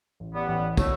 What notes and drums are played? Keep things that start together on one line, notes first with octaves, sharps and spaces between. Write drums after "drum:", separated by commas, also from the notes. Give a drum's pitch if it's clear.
A1
G3 B3
A1
F#3 A3, drum: kick, tambourine